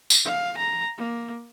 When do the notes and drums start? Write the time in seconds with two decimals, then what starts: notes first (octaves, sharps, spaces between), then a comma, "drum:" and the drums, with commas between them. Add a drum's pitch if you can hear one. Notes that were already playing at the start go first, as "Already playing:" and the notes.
0.10 drum: tambourine
0.25 F5
0.58 A#5
0.98 A#3